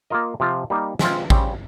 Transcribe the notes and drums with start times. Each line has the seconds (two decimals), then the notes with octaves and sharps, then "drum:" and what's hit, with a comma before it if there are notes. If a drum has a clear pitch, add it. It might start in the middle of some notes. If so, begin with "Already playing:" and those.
0.10 A#3 F4 A#4 D#5
0.40 C3 F3 C4 F4
0.70 G3 A#3 D#4 A#4
0.99 G#3 C4 F4, drum: snare
1.30 C#3 G3 C4, drum: kick A1